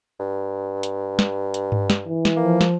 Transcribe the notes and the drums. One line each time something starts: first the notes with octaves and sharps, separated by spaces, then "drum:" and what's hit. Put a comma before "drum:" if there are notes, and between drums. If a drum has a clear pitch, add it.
G2
drum: hi-hat
drum: snare
drum: hi-hat
drum: tom G2
drum: snare
E3
drum: snare
F3 A#3
drum: snare